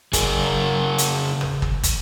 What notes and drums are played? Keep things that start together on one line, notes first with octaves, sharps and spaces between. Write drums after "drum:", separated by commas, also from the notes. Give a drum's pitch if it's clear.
C#3 G#4 A#4, drum: kick, hi-hat
drum: hi-hat
drum: tom
drum: kick
drum: kick, hi-hat